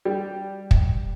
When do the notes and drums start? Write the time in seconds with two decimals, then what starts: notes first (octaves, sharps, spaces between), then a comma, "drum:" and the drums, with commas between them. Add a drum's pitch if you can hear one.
0.05 G3
0.71 drum: kick